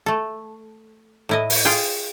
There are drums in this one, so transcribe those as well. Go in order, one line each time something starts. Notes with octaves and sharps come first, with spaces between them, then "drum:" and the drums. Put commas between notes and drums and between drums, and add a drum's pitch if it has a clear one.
A3 A4
A2 E4 D#5
drum: open hi-hat
F4 G#4 G5